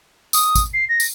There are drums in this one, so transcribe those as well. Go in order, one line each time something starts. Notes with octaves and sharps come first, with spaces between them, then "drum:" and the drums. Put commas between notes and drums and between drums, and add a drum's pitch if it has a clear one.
D#6, drum: tambourine
drum: kick G#1, tambourine
C7
A#6
drum: tambourine